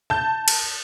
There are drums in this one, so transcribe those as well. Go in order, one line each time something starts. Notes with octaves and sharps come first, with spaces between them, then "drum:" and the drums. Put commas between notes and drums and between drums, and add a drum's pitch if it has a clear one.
A5 G6
drum: cymbal